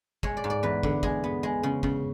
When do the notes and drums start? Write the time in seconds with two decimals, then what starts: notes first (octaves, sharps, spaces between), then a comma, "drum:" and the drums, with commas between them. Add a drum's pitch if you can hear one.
0.23 G#3 C#5, drum: kick
0.37 D5
0.44 G#2
0.50 D5
0.63 E2 B4
0.83 D3, drum: kick
1.03 G#3 G#4, drum: kick
1.24 B3
1.43 G#3
1.63 C#3
1.83 C#3, drum: kick